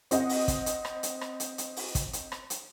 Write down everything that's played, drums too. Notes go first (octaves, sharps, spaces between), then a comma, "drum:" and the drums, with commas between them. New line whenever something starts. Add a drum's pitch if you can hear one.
C4 D#5 F#5, drum: hi-hat
drum: open hi-hat
drum: kick, hi-hat
drum: hi-hat
drum: rim click
drum: hi-hat
drum: rim click
drum: hi-hat
drum: hi-hat
drum: open hi-hat
drum: kick, hi-hat
drum: hi-hat
drum: rim click
drum: hi-hat